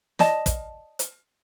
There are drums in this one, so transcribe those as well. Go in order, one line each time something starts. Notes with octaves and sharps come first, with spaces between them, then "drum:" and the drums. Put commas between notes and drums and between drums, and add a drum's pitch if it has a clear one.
D5 D#5 A5, drum: snare
drum: kick, hi-hat
drum: hi-hat